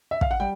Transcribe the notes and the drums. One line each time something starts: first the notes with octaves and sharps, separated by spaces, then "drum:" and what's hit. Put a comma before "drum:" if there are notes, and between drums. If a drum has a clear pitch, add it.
E5
F5, drum: kick
F#5
G3 G5